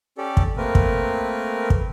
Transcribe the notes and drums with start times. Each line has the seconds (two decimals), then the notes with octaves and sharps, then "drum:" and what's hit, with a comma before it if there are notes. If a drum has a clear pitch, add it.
0.18 C#4 G4 A4 D5
0.37 drum: kick
0.57 A3 A#3 C4 A#4 B4
0.75 drum: kick
1.70 drum: kick